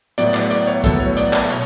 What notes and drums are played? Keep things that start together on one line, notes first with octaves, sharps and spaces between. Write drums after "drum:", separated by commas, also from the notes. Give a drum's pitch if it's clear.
A2 F#3 B3 D5, drum: hi-hat
D5, drum: clap
D5, drum: hi-hat
C#5
A2 F#3 B3 A4, drum: kick, hi-hat
C#5
D5, drum: hi-hat
D5, drum: clap
B2 C#5, drum: hi-hat